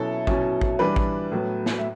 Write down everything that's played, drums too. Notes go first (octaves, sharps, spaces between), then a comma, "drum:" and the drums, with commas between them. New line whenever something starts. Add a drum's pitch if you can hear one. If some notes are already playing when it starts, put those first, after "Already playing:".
Already playing: B2 F#3 C#4 E4 A4
B2 F#3 C#4 E4, drum: kick A1
drum: kick A1
E3 G3 D4 B4
drum: kick A1
A2 F#3 B3
drum: snare
E5